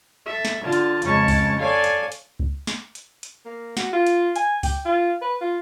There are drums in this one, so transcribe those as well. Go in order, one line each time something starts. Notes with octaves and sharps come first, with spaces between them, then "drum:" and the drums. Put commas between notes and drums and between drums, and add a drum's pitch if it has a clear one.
A4 E5
drum: snare
D3 F4 A5
drum: hi-hat
F2 C#3 G#3 C#4 A5 C#6, drum: hi-hat
drum: kick C#2, open hi-hat
A4 C#5 D5 F5 G#5
drum: hi-hat
drum: hi-hat
drum: kick C#2
drum: snare
drum: hi-hat
drum: hi-hat
A#3
F#4, drum: snare
F4
drum: hi-hat
G#5, drum: hi-hat
G5, drum: kick C#2, open hi-hat
F4
B4
F4